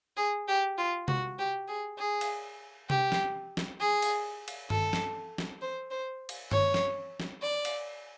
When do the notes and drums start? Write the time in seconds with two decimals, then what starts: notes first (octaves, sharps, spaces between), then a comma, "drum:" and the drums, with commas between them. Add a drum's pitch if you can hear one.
0.17 G#4
0.48 G4
0.78 F4
1.08 F#4, drum: tom C3
1.39 G4
1.68 G#4
1.99 G#4
2.21 drum: cymbal
2.90 G4, drum: tom C3
3.12 drum: snare
3.57 drum: snare
3.80 G#4
4.02 drum: cymbal
4.48 drum: cymbal
4.70 A4, drum: tom G2
4.93 drum: snare
5.38 drum: snare
5.62 C5
5.91 C5
6.29 drum: cymbal
6.51 C#5, drum: tom G2
6.74 drum: snare
7.20 drum: snare
7.42 D5
7.65 drum: cymbal